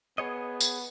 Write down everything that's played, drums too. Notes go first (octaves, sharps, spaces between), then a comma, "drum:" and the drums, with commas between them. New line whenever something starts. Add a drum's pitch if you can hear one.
B3 G#4 C#5 D#5
drum: tambourine